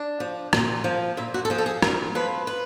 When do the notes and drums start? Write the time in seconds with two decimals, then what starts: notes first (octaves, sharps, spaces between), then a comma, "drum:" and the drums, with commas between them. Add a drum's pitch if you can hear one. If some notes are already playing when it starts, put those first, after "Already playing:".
Already playing: D4
0.20 F3
0.53 A#2, drum: rim click
0.84 F3
1.17 A#2 E4
1.34 F#4
1.45 A4
1.50 F3 G#4
1.58 A4
1.66 G#4
1.82 A#2 A#4, drum: rim click
2.15 F3 B4
2.47 B4